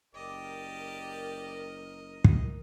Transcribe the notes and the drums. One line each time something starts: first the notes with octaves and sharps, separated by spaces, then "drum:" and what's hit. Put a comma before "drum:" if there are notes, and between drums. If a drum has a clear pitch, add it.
F#1 G4 A#4 D5 D#5
drum: kick